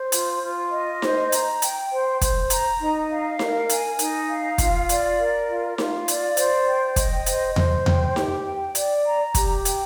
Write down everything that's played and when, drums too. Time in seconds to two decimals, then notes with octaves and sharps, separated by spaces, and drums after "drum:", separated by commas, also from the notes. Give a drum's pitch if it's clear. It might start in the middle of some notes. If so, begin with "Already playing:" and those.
Already playing: C5
0.12 F4, drum: hi-hat
0.43 F4
0.72 D#5
1.02 C5, drum: snare D#4
1.32 A#5, drum: hi-hat
1.62 G5, drum: hi-hat
1.91 C5
2.21 C5, drum: kick, hi-hat
2.50 A#5, drum: hi-hat
2.80 D#4
3.09 F5
3.39 A#4, drum: snare D#4
3.69 G#5, drum: hi-hat
3.99 D#4, drum: hi-hat
4.29 F5
4.58 F4, drum: kick, hi-hat
4.89 D5, drum: hi-hat
5.19 A#4
5.48 F4
5.78 F4, drum: snare D#4
6.08 D5, drum: hi-hat
6.37 C5, drum: hi-hat
6.67 G5
6.96 D#5, drum: kick, hi-hat
7.26 C5, drum: hi-hat
7.56 C5, drum: tom E2
7.86 G5, drum: tom E2
8.16 G4, drum: snare D#4
8.45 G5
8.75 D5, drum: hi-hat
9.05 A#5
9.35 G4, drum: kick, hi-hat
9.65 G5, drum: hi-hat